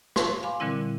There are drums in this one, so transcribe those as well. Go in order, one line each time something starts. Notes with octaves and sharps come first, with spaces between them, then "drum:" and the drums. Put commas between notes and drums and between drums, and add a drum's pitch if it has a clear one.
C#6, drum: rim click
F5 G#5 B5 C6 D6
A#2 D3 E3 G3 C4 E4